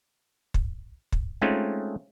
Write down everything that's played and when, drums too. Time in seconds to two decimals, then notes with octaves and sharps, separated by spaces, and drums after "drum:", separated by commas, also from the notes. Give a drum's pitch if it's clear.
0.54 drum: kick
1.12 drum: kick
1.42 G#3 A3 C4 C#4 D#4 F4